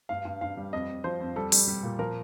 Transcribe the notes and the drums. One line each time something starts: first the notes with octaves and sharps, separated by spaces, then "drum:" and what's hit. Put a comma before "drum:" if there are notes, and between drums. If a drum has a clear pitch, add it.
G2 F5
G2
G2 F5
G3
F2 D#5
F2
F3 C5
F2
G3 A4
G3, drum: open hi-hat
G3
A#2
F3 A#4